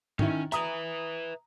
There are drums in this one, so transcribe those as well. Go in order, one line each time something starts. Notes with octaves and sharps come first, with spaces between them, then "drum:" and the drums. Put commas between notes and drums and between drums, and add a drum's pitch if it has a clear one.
D#3 C#4 E4, drum: tom
B4 E5 A#5 D#6, drum: hi-hat